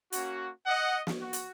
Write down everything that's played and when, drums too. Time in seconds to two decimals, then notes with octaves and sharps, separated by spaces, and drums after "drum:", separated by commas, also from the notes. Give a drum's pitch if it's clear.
0.12 A#3 C#4 F#4, drum: hi-hat
0.66 D#5 F#5
1.07 drum: snare
1.21 F#4
1.33 drum: hi-hat